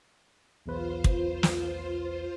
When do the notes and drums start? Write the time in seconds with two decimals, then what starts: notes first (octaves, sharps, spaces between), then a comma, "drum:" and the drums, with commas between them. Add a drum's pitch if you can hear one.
0.66 B1 E2 F4 B4 C5
1.04 drum: kick
1.43 drum: snare